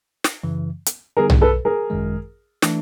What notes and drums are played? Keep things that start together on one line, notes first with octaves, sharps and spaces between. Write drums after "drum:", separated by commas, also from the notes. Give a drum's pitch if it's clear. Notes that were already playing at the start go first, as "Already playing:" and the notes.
drum: snare
F#2 C#3 E3
drum: hi-hat
D3 G3 B3 D#4 G4 G#4 A#4
drum: tom B1
A4 B4
G#4 A#4
G#1 F#2 D#3 G#3
E3 A3 D4, drum: snare